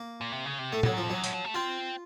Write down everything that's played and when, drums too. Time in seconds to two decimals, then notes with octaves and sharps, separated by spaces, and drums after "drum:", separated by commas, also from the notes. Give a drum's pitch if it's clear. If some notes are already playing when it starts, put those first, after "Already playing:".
Already playing: A#3
0.21 A#2
0.32 C3
0.45 C#3
0.59 C3
0.72 A2 A3
0.83 A2 F#3, drum: tom A2
0.94 F#2 F3
1.04 F2
1.10 F#2 F#3
1.24 A2, drum: hi-hat
1.33 F3
1.45 A3
1.54 C4 F4